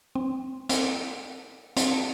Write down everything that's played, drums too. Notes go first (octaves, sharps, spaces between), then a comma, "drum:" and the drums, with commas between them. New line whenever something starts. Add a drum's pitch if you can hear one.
C4
C4, drum: hi-hat
C4, drum: hi-hat